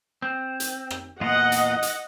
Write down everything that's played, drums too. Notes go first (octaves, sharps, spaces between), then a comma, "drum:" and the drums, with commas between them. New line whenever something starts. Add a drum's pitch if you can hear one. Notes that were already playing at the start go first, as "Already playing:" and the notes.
C4
drum: hi-hat
drum: rim click
E2 A#2 F4 D#5 F#5
drum: hi-hat
drum: hi-hat